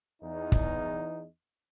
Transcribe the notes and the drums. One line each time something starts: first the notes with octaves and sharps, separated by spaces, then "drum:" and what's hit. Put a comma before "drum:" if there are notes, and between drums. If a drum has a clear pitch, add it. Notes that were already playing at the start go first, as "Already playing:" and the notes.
E2 D#4
drum: kick